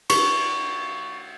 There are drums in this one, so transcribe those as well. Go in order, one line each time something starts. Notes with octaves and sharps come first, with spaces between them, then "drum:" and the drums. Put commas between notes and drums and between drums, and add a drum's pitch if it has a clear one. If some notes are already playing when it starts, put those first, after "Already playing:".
C#6, drum: cymbal